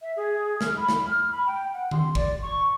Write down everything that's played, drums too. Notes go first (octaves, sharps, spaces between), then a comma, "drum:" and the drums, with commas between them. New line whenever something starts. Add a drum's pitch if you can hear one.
E5
G#4
F6, drum: snare
B5
drum: snare
F6
B5
G5
F#5
C6, drum: tom D#3
D5, drum: kick
C#6